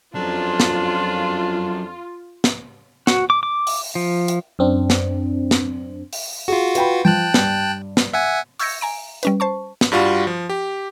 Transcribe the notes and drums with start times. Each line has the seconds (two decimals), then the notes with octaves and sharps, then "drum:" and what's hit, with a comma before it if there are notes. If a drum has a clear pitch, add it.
0.15 F2 F#3 C#4 D4 F4
0.60 drum: snare
2.44 drum: snare
3.07 F#4, drum: snare
3.30 D6
3.43 D6
3.67 drum: open hi-hat
3.95 F3
4.28 drum: hi-hat
4.59 F#2 C4 D4
4.90 drum: snare
5.51 drum: snare
6.13 drum: open hi-hat
6.48 F4 F#4 G#4
6.75 B4 G5 B5, drum: hi-hat
7.05 F3 G5 A5 F#6
7.34 G2, drum: snare
7.97 drum: snare
8.14 E5 F#5 G#5
8.59 C#6 E6 G6 G#6 A#6 C#7, drum: open hi-hat
8.81 G#5 A#5 D7
9.23 G3 C#4 B4, drum: hi-hat
9.40 C5 A5 C#6
9.81 drum: snare
9.92 G2 G3 F4 F#4
10.27 F3
10.49 G4